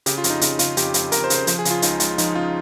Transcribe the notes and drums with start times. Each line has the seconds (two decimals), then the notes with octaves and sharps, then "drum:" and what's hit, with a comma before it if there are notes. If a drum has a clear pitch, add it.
0.06 C#3 G4, drum: hi-hat
0.18 F4
0.24 F2, drum: hi-hat
0.30 D#4
0.41 C#3 D#4, drum: hi-hat
0.59 C#3 F4, drum: hi-hat
0.77 F2 G4, drum: hi-hat
0.94 F2, drum: hi-hat
1.12 F2 A#4, drum: hi-hat
1.24 C5
1.30 C#3, drum: hi-hat
1.35 C5
1.47 F3 C5, drum: hi-hat
1.59 G#4
1.65 C#3, drum: hi-hat
1.70 F4
1.82 C#2 D#4, drum: hi-hat
2.00 G#3 F4, drum: hi-hat
2.18 F3 D#4, drum: hi-hat
2.35 C#3 F4